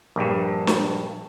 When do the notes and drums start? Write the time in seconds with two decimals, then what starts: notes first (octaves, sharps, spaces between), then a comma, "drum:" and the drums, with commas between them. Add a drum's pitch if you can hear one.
0.16 A#1 G2
0.67 drum: snare